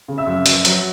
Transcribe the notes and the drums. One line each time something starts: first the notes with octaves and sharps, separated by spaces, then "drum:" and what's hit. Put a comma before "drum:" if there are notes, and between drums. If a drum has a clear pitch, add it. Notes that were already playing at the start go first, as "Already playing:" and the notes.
C#3
E5 E6
F#2
F#2, drum: hi-hat
F#3, drum: hi-hat